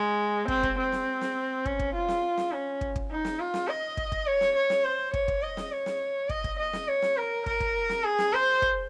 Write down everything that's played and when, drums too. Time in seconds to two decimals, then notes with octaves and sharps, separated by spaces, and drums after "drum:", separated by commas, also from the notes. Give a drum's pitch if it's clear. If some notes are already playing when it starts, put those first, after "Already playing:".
Already playing: G#3
0.48 C4, drum: kick
0.63 drum: kick
0.78 C4
0.92 drum: snare
1.21 drum: snare
1.65 C#4, drum: kick
1.79 drum: kick
1.94 F4
2.08 drum: snare
2.38 drum: snare
2.52 C#4
2.81 drum: kick
2.96 drum: kick
3.11 D#4
3.25 drum: snare
3.39 F4
3.54 drum: snare
3.68 D#5
3.97 drum: kick
4.12 drum: kick
4.26 C#5
4.41 drum: snare
4.56 C#5
4.70 drum: snare
4.84 C5
5.14 C#5, drum: kick
5.28 drum: kick
5.43 D#5
5.57 drum: snare
5.72 C#5
5.86 drum: snare
6.29 D#5, drum: kick
6.44 drum: kick
6.59 D#5
6.73 drum: snare
6.88 C#5
7.02 drum: snare
7.17 A#4
7.46 A#4, drum: kick
7.60 drum: kick
7.89 drum: snare
8.04 G#4
8.18 drum: snare
8.33 C5
8.62 drum: kick